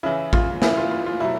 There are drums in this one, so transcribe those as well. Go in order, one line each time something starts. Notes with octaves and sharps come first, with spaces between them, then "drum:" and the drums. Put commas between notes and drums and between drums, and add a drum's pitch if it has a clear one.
C#3 E3 E4
F4, drum: kick A1
C#3 E3 E4, drum: snare
F4
F4
F4
B2 F#3 E4